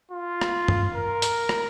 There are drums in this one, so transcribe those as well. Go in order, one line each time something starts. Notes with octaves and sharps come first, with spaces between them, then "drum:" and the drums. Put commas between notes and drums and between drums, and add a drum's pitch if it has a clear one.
F4
drum: rim click
drum: tom
A#4
drum: hi-hat
drum: rim click